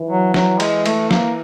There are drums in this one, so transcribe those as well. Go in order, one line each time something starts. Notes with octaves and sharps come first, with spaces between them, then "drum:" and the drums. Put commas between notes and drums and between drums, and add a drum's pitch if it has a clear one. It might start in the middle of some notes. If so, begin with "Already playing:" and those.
Already playing: E3
F#3
F#3, drum: snare
G#3, drum: cymbal
A3, drum: cymbal
E3 A#3, drum: snare